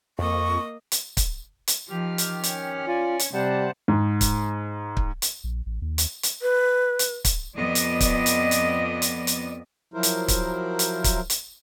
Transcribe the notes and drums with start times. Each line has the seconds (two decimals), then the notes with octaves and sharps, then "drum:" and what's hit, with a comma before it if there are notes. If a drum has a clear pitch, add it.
0.19 F2 A#3 D#5 C#6
0.92 drum: hi-hat
1.17 drum: kick, hi-hat
1.68 drum: hi-hat
1.90 D#3 F3 G4 F6
2.18 drum: hi-hat
2.43 C#4, drum: hi-hat
2.88 F4 D5 G#5
3.19 drum: hi-hat
3.34 C3 G3 C5 F#5 A5
3.88 G#2
4.21 drum: kick, hi-hat
4.97 drum: kick
5.22 drum: hi-hat
5.44 A#1
5.66 A1
5.82 D#2
5.98 drum: hi-hat
6.23 drum: hi-hat
6.42 B4
6.99 drum: hi-hat
7.25 drum: kick, hi-hat
7.56 F2 B3 D5 D#5
7.75 drum: hi-hat
8.00 drum: kick, hi-hat
8.26 drum: hi-hat
8.51 drum: hi-hat
9.02 drum: hi-hat
9.27 drum: hi-hat
9.94 F3 F#3 E4 A#4 C5
10.03 drum: hi-hat
10.28 drum: kick, hi-hat
10.79 drum: hi-hat
11.04 drum: kick, hi-hat
11.30 drum: hi-hat